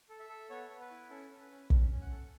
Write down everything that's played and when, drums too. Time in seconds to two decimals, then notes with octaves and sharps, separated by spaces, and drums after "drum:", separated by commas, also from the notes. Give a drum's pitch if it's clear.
0.09 A4
0.20 E5
0.29 A4
0.50 B3 C#5
0.70 B3
0.80 B4
0.91 E4
1.10 C#4 A4
1.30 C#4
1.41 B4
1.51 C#4
1.70 C#4, drum: kick
1.91 C#4
2.01 F#5
2.11 A4